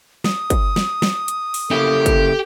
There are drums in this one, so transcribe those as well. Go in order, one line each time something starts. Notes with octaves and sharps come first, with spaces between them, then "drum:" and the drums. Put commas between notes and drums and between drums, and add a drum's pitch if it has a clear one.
D#6, drum: snare
drum: kick, hi-hat
drum: snare
drum: snare
drum: hi-hat
drum: open hi-hat
C#3 A#3 E4 G4 A4
drum: kick, hi-hat